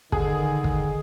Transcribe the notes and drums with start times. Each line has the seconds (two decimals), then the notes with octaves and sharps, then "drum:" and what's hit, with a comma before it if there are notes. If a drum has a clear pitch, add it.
0.12 D3 D#3 G#4, drum: kick
0.64 drum: kick